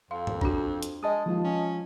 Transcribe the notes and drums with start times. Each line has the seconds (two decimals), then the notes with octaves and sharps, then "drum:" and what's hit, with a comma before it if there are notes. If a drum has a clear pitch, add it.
0.11 F2 F5 C6
0.27 drum: tom G2
0.41 D4 F#4, drum: kick A1
0.82 drum: hi-hat
1.03 G#3 D#5 A5 D#6
1.26 D#2 F3 G#3 F4
1.44 C#4